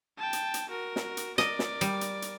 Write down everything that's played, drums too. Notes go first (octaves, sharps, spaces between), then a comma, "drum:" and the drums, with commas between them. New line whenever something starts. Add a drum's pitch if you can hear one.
G5 A5
drum: hi-hat
drum: hi-hat
F#4 A#4
drum: snare
drum: hi-hat
A#4 D5 D#5, drum: snare
drum: snare
G3, drum: hi-hat
drum: hi-hat
drum: hi-hat